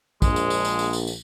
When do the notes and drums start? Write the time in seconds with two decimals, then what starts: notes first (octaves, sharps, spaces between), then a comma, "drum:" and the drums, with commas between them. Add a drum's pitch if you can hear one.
0.22 A#1 G#3, drum: kick, tambourine
0.36 drum: tambourine
0.50 drum: tambourine
0.65 drum: tambourine
0.79 drum: tambourine
0.93 drum: tambourine
1.07 drum: tambourine